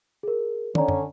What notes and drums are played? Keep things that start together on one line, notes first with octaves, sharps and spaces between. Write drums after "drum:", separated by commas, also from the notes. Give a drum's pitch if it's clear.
G#4 A#4
D3 C#4 D5 A#5, drum: tom
drum: tom F#2